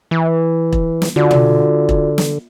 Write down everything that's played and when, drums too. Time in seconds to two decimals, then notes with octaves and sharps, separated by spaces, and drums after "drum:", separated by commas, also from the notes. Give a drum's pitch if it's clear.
0.11 E3
0.73 drum: kick E1
1.02 drum: snare
1.16 D3 F4 F#4 D5
1.31 drum: tom
1.89 drum: kick E1
2.18 drum: snare